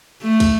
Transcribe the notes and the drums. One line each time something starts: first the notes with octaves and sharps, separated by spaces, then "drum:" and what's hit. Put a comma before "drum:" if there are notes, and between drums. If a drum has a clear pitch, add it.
A3
drum: kick, cymbal